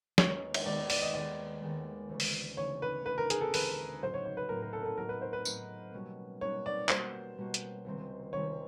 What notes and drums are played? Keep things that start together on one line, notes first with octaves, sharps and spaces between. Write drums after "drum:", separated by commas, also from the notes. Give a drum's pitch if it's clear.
D#2 D#3 G#3 B3 C#5, drum: snare
drum: cymbal
D#2 D#3 G#3 B3 D5
D5, drum: open hi-hat
D#5
D#2 D#3 G#3 B3 D5
D#2 D#3 G#3 B3
D2 C#3 E3 A3
drum: open hi-hat
D2 C#3 E3 A3 C#5
B4
D2 C#3 E3 A3 B4
A#4
G#4, drum: hi-hat
A4
D2 C#3 E3 A3 B4, drum: open hi-hat
A2 F#3 B3 D#4 F#4 C5
C#5
C#5
B4
A2 F#3 B3 D#4 F#4 A#4
A#4
A4
A#4
A4
A2 F#3 B3 D#4 F#4 A#4
B4
C5
B4
A2 F#3 B3 D#4 F#4, drum: tambourine
B2 G3 A#3 C#4 F#4
B2 G3 A#3 C#4 F#4 C#5
D5
B2 G3 A#3 C#4 F#4 C5, drum: clap
B2 G3 A#3 C#4 F#4
drum: hi-hat
C#2 C3 D#3 G3 C4
C#2 C3 D#3 G3 C4 C#5